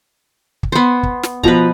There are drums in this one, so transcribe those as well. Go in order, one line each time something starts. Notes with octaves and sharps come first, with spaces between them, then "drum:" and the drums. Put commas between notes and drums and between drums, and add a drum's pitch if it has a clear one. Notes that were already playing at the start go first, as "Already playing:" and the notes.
drum: kick
B3 C5
drum: kick
drum: snare
B2 F3 B4 A#5, drum: kick